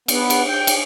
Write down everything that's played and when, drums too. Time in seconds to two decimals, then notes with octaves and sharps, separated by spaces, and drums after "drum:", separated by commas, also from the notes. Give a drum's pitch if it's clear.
0.08 B3, drum: cymbal
0.30 drum: cymbal
0.49 G5
0.67 drum: cymbal